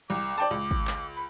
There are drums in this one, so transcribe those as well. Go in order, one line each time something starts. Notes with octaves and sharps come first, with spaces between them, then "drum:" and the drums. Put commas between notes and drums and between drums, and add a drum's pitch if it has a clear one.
C2 D6
D5 G5 A5
C#2
drum: kick G#1
drum: clap
B5